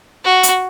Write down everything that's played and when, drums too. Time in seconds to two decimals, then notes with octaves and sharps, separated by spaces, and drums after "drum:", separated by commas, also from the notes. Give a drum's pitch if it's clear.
0.24 F#4
0.43 drum: hi-hat